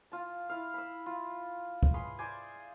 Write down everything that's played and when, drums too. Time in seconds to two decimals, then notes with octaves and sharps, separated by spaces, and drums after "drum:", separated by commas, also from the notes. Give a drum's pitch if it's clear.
0.12 F4 A5
0.49 E4 F5
0.74 B5 E6
1.06 F4
1.83 drum: kick
1.94 G#4 B4 C#5 C6
2.19 C5 D5 G#5